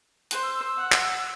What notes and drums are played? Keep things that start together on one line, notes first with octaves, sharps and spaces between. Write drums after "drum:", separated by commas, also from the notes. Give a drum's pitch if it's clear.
C5 F#6, drum: hi-hat
E6
E6
E6
F#5
drum: clap